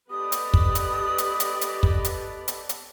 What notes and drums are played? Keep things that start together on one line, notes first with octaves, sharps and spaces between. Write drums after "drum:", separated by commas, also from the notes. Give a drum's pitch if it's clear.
B3 G4 A4 B4 D5 D#5 D#6
drum: hi-hat
drum: kick
drum: hi-hat
drum: hi-hat
drum: hi-hat
drum: hi-hat
drum: kick
drum: hi-hat
drum: hi-hat
drum: hi-hat